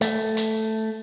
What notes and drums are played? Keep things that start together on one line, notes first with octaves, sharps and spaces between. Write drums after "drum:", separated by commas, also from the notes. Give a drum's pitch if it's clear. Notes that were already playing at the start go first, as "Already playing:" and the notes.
A3, drum: hi-hat
drum: hi-hat